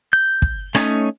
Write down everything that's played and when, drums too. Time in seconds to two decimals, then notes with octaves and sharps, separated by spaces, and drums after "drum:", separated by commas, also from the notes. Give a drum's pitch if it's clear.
0.13 G6
0.42 drum: kick
0.75 A3 C#4 D#4 C#5, drum: rim click